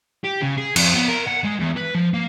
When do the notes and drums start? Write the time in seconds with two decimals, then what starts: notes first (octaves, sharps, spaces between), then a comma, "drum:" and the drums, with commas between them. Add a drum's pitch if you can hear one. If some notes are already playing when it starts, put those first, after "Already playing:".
0.24 G4
0.42 C#3
0.57 G#4
0.76 F2, drum: cymbal
0.94 B3
1.09 A#4
1.28 F#5
1.44 G#3
1.60 E2
1.77 B4
1.95 F3
2.14 A#3